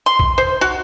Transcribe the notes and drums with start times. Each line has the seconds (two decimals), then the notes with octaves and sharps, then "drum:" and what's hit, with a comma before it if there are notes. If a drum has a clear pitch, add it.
0.06 C6
0.19 drum: kick B1
0.38 C5
0.61 F#4